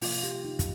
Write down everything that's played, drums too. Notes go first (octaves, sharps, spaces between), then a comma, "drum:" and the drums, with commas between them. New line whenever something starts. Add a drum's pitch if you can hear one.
C3 F3 A#3 F4, drum: open hi-hat
G4
D#4
drum: kick, hi-hat